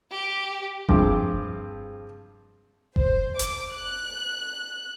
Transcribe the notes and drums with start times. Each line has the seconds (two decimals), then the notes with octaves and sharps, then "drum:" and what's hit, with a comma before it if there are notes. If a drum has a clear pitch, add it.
0.11 G4
0.89 G2 F3 C4 G#4 D6, drum: kick F#1
2.96 C5, drum: kick F#1
3.39 D6, drum: hi-hat
3.73 F#6